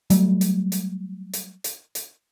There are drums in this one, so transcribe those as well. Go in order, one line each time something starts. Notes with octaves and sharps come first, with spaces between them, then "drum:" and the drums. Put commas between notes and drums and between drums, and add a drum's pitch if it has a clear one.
F#3 G3 A3, drum: hi-hat
drum: hi-hat
drum: hi-hat
drum: hi-hat
drum: hi-hat
drum: hi-hat